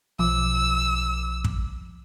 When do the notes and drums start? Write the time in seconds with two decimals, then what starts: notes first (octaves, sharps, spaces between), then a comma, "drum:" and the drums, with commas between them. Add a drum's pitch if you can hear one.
0.19 B1 F3 D6 E6
1.44 drum: kick